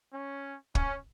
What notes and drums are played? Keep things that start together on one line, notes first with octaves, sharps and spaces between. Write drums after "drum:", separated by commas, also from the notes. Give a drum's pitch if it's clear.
C#4
C#4, drum: kick